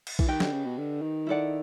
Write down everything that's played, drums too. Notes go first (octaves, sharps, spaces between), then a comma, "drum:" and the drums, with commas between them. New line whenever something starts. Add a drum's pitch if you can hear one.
drum: cymbal
E3, drum: kick A#1
D#3 G4 B4 D#5 G5
D3, drum: snare
C#3
B2
D3
D#3
E4 A4 D5 F#5